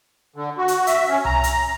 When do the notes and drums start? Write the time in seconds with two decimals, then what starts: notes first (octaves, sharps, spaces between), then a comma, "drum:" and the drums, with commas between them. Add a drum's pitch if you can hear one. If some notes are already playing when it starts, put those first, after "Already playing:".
0.36 D3
0.58 F#4
0.68 drum: hi-hat
0.87 E5, drum: hi-hat
1.09 C#4
1.25 A#5, drum: tom C2
1.44 drum: hi-hat